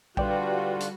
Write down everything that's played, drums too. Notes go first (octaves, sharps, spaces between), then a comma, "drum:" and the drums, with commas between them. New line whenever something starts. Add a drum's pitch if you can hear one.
D3 G3 F4 F#4 B4 D5 G5, drum: kick A#1
drum: hi-hat